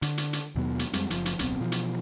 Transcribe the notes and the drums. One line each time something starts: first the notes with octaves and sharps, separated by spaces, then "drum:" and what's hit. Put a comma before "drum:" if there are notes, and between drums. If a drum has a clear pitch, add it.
D3, drum: hi-hat
drum: hi-hat
drum: hi-hat
D#2 B2 F#3 B3
drum: hi-hat
F2 G3 G#3 C4, drum: hi-hat
F#1 F3, drum: hi-hat
drum: hi-hat
D1 B1 B3 C4, drum: hi-hat
B2 E3 F3
drum: hi-hat